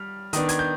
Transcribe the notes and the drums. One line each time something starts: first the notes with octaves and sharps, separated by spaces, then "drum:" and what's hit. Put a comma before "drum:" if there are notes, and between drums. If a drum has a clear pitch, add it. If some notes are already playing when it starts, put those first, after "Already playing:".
Already playing: G3 F6
D#3 B3 D4 D#6, drum: hi-hat
G#6, drum: hi-hat
G6